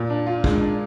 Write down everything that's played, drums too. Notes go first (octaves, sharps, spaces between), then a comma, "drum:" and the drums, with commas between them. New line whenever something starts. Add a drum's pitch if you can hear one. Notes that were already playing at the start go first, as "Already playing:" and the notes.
Already playing: A#2
D4
F4
G#3, drum: kick
D4